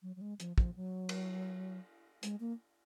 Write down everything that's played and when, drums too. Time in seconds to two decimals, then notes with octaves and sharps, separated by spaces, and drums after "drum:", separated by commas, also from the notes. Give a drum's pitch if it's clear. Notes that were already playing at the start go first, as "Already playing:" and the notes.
0.02 F#3
0.16 F#3
0.21 G#3
0.40 F3, drum: hi-hat
0.58 F3, drum: kick
0.76 F#3
1.09 drum: cymbal
2.23 G#3, drum: hi-hat
2.40 A#3